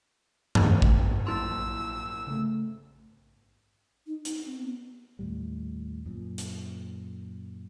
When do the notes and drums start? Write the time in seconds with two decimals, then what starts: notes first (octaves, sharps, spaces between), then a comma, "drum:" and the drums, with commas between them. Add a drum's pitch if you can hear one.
0.55 drum: tom F#2
0.82 drum: kick A1
1.27 A#1 F#3 A#3 E4 C6 E6
2.27 C#3 A3
4.07 D#4
4.25 D#4, drum: hi-hat
4.46 C4
4.61 B3
5.19 D#2 A2 G3
6.06 F#2 A#2
6.38 drum: hi-hat